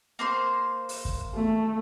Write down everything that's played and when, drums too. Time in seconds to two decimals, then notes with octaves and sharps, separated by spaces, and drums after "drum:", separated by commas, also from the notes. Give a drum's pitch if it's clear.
0.19 A#3 C5 C6
0.89 drum: open hi-hat
1.05 drum: kick
1.35 A3